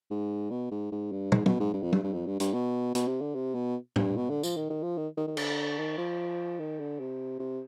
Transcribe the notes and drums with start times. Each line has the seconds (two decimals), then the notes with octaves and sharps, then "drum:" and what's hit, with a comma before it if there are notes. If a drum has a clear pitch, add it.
0.10 G#2
0.51 B2
0.71 G#2
0.92 G#2
1.12 G2
1.32 G#2, drum: tom
1.46 B2, drum: tom
1.60 G#2
1.73 G2
1.82 F2
1.93 G2, drum: tom
2.03 G2
2.13 F2
2.26 G2
2.40 G2, drum: hi-hat
2.53 B2
2.95 B2, drum: hi-hat
3.08 C3
3.21 D3
3.35 C3
3.54 B2
3.96 G2, drum: tom A2
4.16 B2
4.30 D3
4.43 F3, drum: tambourine
4.57 D#3
4.70 D#3
4.83 F3
4.97 D#3
5.17 D#3
5.27 D#3
5.37 D3, drum: cymbal
5.78 D#3
5.98 F3
6.59 D#3
6.80 D3
7.00 C3
7.39 C3